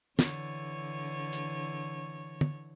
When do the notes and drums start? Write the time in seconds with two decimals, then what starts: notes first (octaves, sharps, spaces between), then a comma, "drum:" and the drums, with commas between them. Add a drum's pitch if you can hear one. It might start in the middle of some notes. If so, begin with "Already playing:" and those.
0.19 D3 E3 C#5, drum: snare
1.33 drum: hi-hat
2.41 drum: tom